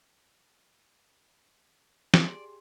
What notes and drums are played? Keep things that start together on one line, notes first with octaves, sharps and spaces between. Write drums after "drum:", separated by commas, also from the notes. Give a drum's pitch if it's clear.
G4 G#4 D5 C6, drum: snare